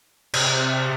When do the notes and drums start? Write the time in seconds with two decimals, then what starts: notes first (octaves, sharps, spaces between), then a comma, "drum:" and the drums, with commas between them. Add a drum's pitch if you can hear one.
0.34 C3, drum: cymbal